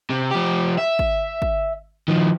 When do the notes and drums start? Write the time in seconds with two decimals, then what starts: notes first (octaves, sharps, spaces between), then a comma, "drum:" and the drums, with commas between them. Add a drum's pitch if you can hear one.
0.10 C3
0.31 F3 G4
0.78 E5
0.99 drum: kick
1.42 drum: kick
2.08 D#3 F3